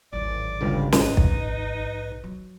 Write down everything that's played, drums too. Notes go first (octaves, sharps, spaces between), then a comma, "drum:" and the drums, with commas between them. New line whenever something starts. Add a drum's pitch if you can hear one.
G#1 D2 A2 F#3 D5
G1 C#2 G2
A#1 G#2 D#4 B4 D#5, drum: snare
drum: kick
F#3